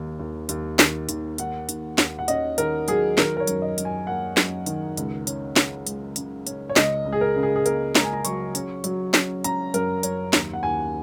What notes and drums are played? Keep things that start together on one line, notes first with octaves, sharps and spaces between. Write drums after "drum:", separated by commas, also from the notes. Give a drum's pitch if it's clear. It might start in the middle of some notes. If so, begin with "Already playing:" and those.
Already playing: D#2 D#3
D#2
D#2, drum: hi-hat
D#3, drum: snare
D#2, drum: hi-hat
D#3 F#5, drum: hi-hat
D#2, drum: hi-hat
D#2, drum: snare
F#5
C#4 D#5, drum: hi-hat
D#3 A#4, drum: hi-hat
F#3 G#4, drum: hi-hat
D#3 A#4, drum: snare
A#4
C#5
F#2, drum: hi-hat
D#5
F#2, drum: hi-hat
G#5
A#3 F#5
F#2, drum: snare
D#3, drum: hi-hat
C#2, drum: hi-hat
C#4, drum: hi-hat
C#3, drum: snare
G#3, drum: hi-hat
C#3, drum: hi-hat
C#4, drum: hi-hat
C#5
C#2 D#5, drum: snare
C#2
G#4
A#4
C#3
G#4
G#4
A#3 A#4, drum: hi-hat
C#2 A#5, drum: snare
G#5
A#5
F#3 C#6, drum: hi-hat
C#4, drum: hi-hat
F#3, drum: hi-hat
C#4, drum: snare
C#4 A#5, drum: hi-hat
F#2 A#4, drum: hi-hat
F#2 C#5, drum: hi-hat
D#2, drum: snare
F#5
D#2 G#5